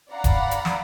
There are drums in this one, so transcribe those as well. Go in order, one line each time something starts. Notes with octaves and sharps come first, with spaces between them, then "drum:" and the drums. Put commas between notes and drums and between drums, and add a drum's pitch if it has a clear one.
D5 F5 F#5 A#5 B5
drum: kick D#1, hi-hat
drum: hi-hat
drum: snare